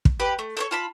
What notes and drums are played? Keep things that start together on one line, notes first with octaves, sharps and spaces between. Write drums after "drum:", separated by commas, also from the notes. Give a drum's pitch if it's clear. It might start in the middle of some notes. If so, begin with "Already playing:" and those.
drum: kick
G4 B4 B5
A3
A4 C5 C#5
F4 A5 B5